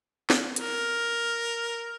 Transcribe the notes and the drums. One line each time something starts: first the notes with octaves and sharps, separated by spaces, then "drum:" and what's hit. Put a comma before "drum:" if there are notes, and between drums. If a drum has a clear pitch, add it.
drum: snare
A#4, drum: hi-hat